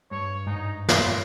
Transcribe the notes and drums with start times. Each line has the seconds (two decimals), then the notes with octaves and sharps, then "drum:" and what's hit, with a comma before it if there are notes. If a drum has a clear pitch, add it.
0.11 G2 C#5
0.47 G#2 D#4
0.88 G3 C#5 C6, drum: snare